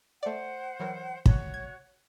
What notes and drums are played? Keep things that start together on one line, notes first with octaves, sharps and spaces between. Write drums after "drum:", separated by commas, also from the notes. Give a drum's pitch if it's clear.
A3 C5 D5 F#5
E3 F#3 A#4
F2 F#4 C#5, drum: kick
G#6